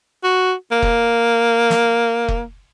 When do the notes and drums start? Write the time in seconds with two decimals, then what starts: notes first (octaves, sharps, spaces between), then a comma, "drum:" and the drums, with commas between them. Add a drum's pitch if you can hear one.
0.24 F#4
0.72 A#3
0.82 drum: kick F1
1.70 drum: snare
2.28 drum: kick F1